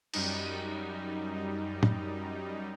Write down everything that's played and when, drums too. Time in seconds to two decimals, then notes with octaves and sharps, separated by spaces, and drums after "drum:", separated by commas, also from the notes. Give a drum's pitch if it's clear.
0.13 F#2 G3 D#4, drum: cymbal
1.83 drum: tom